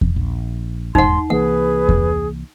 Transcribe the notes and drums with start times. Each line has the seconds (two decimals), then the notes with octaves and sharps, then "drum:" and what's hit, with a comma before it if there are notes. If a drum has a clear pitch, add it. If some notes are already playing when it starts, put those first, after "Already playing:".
0.01 drum: kick E2
0.16 A#1
0.95 D#1 G#2 D#4 F#5 C6, drum: kick E2
1.30 C2 E3 A#3 G#4 B4 F#5
1.89 drum: kick E2